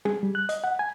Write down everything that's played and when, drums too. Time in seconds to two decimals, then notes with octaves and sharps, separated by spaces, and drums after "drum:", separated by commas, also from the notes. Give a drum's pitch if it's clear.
0.05 G#4, drum: tom
0.23 G3
0.35 F#6
0.49 D#5, drum: hi-hat
0.64 F#5
0.79 G#5